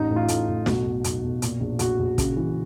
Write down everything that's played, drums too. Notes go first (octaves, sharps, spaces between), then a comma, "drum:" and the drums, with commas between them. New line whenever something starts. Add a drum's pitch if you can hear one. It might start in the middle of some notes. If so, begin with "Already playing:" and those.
Already playing: A1 D#4
A2
F4
A2, drum: hi-hat
A2
B1 F#4, drum: snare
B1
B1, drum: hi-hat
B1
A#2, drum: hi-hat
A#1
A#1 F#4, drum: hi-hat
A#1
C#3, drum: kick, hi-hat
E3